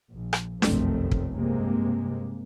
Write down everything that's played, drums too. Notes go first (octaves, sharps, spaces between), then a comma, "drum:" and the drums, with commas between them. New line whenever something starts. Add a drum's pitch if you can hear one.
A#1
drum: rim click
F1 B1 F#2 D#3 A3 C4, drum: snare D4
drum: kick
G2 C3 G#3 A#3